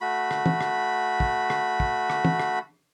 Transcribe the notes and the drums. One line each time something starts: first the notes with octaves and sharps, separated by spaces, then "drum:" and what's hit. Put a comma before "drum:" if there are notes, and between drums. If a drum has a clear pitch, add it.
A3 F#4 B5
drum: rim click
drum: tom
drum: rim click
drum: kick
drum: rim click
drum: kick
drum: rim click
drum: tom
drum: rim click